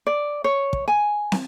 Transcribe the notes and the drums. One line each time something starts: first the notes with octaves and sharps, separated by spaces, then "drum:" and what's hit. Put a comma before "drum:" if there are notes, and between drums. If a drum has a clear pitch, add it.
D5
C#5
drum: kick
G#5
drum: snare